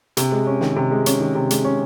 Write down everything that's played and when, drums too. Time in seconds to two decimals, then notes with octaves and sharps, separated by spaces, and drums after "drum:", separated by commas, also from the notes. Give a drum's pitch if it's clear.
0.17 C3, drum: hi-hat
0.32 G#3
0.47 C#4
0.61 D#3, drum: snare
0.76 C3
0.91 G#3
1.06 C#4, drum: hi-hat
1.20 D#3
1.35 C3
1.50 G#3, drum: hi-hat
1.64 C#4